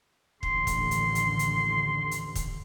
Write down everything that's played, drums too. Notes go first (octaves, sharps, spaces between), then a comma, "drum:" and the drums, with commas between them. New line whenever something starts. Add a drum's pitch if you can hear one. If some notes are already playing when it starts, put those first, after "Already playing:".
A1 D#2 D3 C6, drum: kick
drum: kick, hi-hat
drum: hi-hat
drum: hi-hat
drum: hi-hat
drum: hi-hat
drum: kick, hi-hat